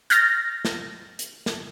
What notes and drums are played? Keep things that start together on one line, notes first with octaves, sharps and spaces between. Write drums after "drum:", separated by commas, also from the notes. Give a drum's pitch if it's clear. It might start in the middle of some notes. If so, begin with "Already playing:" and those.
F6 G6 A6 A#6, drum: hi-hat
drum: snare
drum: hi-hat
drum: snare